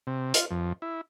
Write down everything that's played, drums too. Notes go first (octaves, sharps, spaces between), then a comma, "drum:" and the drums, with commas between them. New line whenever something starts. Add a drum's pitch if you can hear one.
C3
F4, drum: hi-hat
F2
E4